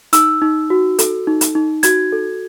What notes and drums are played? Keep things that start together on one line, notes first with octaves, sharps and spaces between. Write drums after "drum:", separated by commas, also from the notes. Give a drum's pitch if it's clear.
D#4 E6, drum: hi-hat
D#4
F#4
A4, drum: hi-hat
D#4
drum: hi-hat
D#4
F#4 G#6, drum: hi-hat
A4